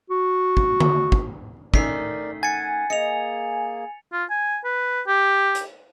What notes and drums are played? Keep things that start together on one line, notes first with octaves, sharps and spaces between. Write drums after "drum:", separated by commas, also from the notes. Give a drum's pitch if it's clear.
F#4
drum: kick
drum: tom D3
drum: kick
D#3 A3 C#4 A#4 D5 B6 C7, drum: kick
F#5 G#5 A6 C#7
A#3 G#4 D#5 C#7 F7
F4
G#5
B4
G4
drum: hi-hat